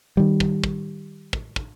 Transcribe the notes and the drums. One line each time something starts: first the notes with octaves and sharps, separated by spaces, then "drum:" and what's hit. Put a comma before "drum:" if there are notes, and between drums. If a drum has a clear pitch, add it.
D#3 G3
drum: kick
drum: kick
drum: kick
drum: kick